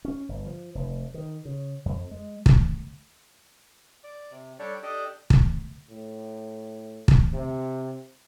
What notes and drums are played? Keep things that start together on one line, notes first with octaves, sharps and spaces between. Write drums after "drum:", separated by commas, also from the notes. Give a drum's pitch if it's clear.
C#4
G1
F3
F1
D#3
C#3
F2
G#3
drum: kick
D5
C3
G3 D4 G4 A4 C#5 D5
D4 G4 A4 D5 D#5
drum: kick
A2
drum: kick
C3